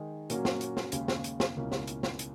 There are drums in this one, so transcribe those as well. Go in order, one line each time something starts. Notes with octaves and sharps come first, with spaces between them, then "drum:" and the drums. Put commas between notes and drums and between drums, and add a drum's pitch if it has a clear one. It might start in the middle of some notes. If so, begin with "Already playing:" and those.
Already playing: D#3 G#3 D#4 G#4
A#2 F#3 A#3 C#4 F#4, drum: hi-hat
drum: snare
drum: hi-hat
drum: snare
D#2 C#3 G#3, drum: hi-hat
drum: snare
drum: hi-hat
drum: snare
C#2 B2 A#3 C#4 E4
drum: snare
drum: hi-hat
drum: snare
drum: hi-hat